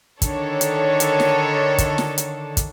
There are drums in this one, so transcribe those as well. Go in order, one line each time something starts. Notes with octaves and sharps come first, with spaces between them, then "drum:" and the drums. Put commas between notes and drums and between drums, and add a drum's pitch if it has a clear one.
D3 D#3 D4 A4 C#5, drum: kick, hi-hat
drum: hi-hat
drum: hi-hat
drum: snare
drum: kick, hi-hat
drum: snare
drum: hi-hat
drum: kick, hi-hat